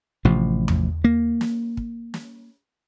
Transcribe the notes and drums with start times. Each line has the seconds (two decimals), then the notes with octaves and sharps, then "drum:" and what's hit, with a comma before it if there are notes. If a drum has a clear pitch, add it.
0.25 A1 C3 F3
0.68 drum: tom E2
1.04 A#3
1.41 drum: snare
1.77 drum: kick
2.14 drum: snare